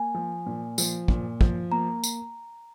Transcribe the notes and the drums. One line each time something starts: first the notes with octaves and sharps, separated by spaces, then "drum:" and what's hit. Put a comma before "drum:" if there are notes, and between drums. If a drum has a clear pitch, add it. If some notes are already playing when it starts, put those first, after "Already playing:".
Already playing: A#3 G#5
F3
A#2
F3, drum: tambourine
A#2, drum: kick
F3, drum: kick
A#3 A#5
drum: tambourine